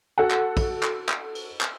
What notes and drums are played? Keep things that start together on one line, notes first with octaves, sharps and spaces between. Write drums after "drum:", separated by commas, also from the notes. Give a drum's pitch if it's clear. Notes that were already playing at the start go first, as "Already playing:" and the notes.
F#4 A4 F#5
drum: clap
drum: kick, cymbal
drum: clap
drum: clap
drum: cymbal
drum: clap